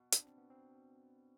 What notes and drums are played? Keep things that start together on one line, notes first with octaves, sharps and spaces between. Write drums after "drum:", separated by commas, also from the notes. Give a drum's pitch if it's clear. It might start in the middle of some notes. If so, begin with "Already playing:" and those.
Already playing: B2
D4, drum: hi-hat
C4
B3
C4